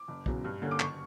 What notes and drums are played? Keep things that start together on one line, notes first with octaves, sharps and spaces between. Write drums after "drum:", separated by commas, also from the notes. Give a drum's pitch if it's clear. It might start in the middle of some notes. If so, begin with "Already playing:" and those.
Already playing: D6
F#1
E2 C#3 F#3, drum: kick
G2
D3 A#3 C#4
D6
F#1 C#6, drum: clap